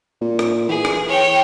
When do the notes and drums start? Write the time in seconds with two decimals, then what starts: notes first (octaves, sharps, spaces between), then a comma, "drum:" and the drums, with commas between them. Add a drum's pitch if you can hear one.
0.21 A#2
0.39 drum: rim click
0.69 E3 G#4
0.85 drum: rim click
1.08 C#5 G5